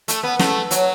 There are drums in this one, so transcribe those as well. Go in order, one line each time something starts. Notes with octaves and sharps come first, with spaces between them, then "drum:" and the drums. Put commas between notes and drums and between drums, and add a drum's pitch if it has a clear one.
A3, drum: hi-hat
B3
A3, drum: snare
F#3, drum: hi-hat